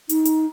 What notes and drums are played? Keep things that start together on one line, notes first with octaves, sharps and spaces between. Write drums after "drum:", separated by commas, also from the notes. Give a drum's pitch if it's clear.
D#4, drum: hi-hat
drum: hi-hat